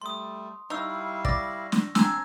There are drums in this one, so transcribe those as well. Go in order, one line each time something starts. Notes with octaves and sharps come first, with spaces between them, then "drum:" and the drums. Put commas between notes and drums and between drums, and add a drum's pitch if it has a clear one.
G3 A3 C6 D#6
G3 D#4 E4 F5 C#6 E6
D5 A#6, drum: kick
drum: snare
C4 D4 G#5 A#5 E6 G#6, drum: snare